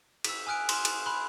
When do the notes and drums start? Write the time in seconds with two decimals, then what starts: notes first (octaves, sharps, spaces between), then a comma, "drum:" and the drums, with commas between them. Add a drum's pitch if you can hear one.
0.24 E6 B6, drum: cymbal
0.47 G#5 D#6 F6 F#6 D7
0.69 C6 F6, drum: cymbal
0.85 drum: cymbal
1.06 B5 C6 F#6